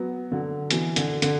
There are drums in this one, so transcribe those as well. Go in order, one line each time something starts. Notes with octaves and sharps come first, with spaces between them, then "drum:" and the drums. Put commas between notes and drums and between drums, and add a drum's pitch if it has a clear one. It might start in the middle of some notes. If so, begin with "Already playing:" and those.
Already playing: F#3 B3
D3 F#3
B2 E3, drum: hi-hat
D3, drum: hi-hat
D3, drum: hi-hat